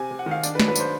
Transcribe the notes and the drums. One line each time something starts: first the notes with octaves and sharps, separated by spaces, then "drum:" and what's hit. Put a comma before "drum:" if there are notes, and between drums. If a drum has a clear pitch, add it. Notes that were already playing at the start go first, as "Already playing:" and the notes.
Already playing: C3 G#5
C3
F#5
D#3
F5
D4 D5, drum: tambourine
B4
F#3, drum: snare
B4
D4 C5, drum: tambourine